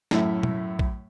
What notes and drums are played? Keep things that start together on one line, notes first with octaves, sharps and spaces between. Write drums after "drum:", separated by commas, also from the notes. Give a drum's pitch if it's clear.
F#2 A2 A3 E5, drum: snare
drum: tom B2
drum: kick